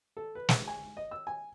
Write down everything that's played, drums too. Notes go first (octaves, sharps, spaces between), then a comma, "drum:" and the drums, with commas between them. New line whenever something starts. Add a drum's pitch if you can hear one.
A4
B4
drum: snare
G#5
D#5
E6
G#5